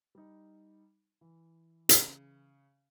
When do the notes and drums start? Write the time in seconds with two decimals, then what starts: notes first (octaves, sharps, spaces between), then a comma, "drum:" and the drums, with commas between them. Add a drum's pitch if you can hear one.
0.15 G3 D#4
1.21 E3
1.89 C#3, drum: hi-hat